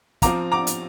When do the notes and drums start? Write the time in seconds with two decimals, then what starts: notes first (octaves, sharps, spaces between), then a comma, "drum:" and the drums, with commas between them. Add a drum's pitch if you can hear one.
0.22 F3 C4 F4 A#5 D6, drum: kick, hi-hat
0.52 A#5 D6
0.67 drum: hi-hat